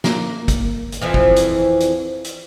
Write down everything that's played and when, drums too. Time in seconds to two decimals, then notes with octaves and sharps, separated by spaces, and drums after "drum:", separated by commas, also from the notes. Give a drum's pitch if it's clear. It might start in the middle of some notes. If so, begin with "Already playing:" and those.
0.04 A#3, drum: snare
0.48 drum: kick, hi-hat
0.92 drum: hi-hat
1.01 F2 E3 F3
1.14 drum: kick
1.36 drum: hi-hat
1.80 drum: hi-hat
2.24 drum: hi-hat